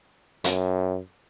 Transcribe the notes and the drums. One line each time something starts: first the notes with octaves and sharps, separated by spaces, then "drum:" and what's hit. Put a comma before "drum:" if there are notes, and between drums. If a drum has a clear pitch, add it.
F#2, drum: hi-hat